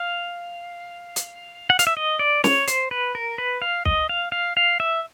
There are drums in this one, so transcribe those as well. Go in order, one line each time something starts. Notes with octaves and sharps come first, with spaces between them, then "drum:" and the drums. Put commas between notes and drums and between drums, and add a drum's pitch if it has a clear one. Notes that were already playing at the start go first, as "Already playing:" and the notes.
Already playing: F5
drum: hi-hat
F#5
F5, drum: hi-hat
E5
D#5
D5
C#5, drum: snare
C5, drum: hi-hat
B4
A#4
B4
F5
D#5, drum: kick
F5
F5
F5
E5